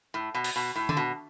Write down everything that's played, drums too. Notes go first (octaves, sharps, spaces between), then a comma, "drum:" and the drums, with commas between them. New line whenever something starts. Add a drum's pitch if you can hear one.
A2
B2
drum: open hi-hat
B2
A2
D3, drum: tom
B2